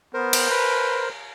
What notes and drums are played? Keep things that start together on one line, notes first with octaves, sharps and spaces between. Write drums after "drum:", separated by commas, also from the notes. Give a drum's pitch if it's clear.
B3 A#4 C5
drum: cymbal
B4